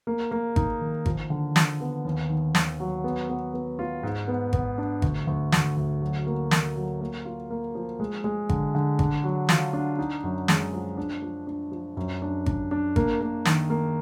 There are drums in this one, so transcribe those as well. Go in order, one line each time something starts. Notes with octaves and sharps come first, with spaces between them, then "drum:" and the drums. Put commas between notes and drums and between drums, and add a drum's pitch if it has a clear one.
A#3
A#3
D#4, drum: kick G#1
D#3
F3, drum: kick G#1
D3
F3, drum: snare
B3
D#2
D#3
D#2, drum: snare
F#3
B3
B3
B3
F4
G#2
B3
B3, drum: kick G#1
D4
D2, drum: kick G#1
D2
D2, drum: snare
D2
F#3
A#3
A#3, drum: snare
F#3
A#3
F4
A#3
F3
G#3
G#3
D3, drum: kick G#1
D3
D4, drum: kick G#1
F#3
F4, drum: snare
D4
D#4
F#2
G#3, drum: snare
F3
D4
F3
D4
F3
F#2
D4
D4, drum: kick G#1
D4
A#3, drum: kick G#1
A#3
D#3, drum: snare
A#3